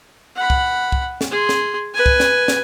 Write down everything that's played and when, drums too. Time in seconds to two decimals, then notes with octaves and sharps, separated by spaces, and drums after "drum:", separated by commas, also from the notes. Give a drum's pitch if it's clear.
0.36 F#5 B5
0.50 drum: kick C2
0.92 drum: kick C2
1.21 drum: snare
1.31 G#4 C6
1.49 drum: snare
1.94 B4 G#5
2.06 drum: kick C2
2.20 drum: snare
2.48 drum: snare